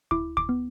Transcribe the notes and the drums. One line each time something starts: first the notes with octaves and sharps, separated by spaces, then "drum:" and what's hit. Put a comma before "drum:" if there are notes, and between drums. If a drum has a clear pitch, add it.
E4 D6, drum: kick D2
D6, drum: kick D2
B3